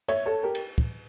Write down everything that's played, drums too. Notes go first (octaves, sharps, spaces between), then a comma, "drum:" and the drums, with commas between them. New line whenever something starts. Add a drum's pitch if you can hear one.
C#5 E5, drum: cymbal
A4 C#5
G4 A#4
drum: cymbal
drum: kick